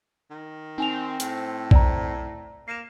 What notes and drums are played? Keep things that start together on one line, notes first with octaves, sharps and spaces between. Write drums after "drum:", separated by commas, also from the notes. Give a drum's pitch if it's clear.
D#3
C4 D#4 G#5 F7
A2, drum: hi-hat
D5 A#5, drum: kick B1
A#3 C7 E7